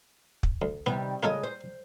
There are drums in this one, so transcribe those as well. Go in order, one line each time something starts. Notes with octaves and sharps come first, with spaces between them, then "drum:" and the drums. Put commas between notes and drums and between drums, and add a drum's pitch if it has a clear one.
drum: kick
D2
C3 D#3 G3 B3
C#3 G#3 A#3 F4 A4 D#5
C5